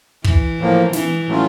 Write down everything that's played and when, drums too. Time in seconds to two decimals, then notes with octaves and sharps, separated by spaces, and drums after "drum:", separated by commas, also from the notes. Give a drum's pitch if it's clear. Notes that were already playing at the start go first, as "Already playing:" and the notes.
0.24 E3, drum: kick
0.59 A2 F3 A#3
0.93 E3, drum: snare
1.28 A2 F#3 A3 C#4 F4